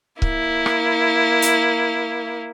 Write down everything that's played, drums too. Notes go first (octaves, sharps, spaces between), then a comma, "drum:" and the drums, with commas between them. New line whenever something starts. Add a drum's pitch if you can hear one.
A#3 E4, drum: kick C#1
drum: rim click
drum: hi-hat